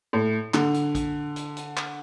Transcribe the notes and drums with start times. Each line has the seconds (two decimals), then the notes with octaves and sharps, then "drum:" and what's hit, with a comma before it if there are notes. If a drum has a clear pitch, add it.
0.13 A2
0.54 D3, drum: clap
0.74 drum: hi-hat
0.95 drum: kick A#1, hi-hat
1.36 drum: hi-hat
1.57 drum: hi-hat
1.77 drum: clap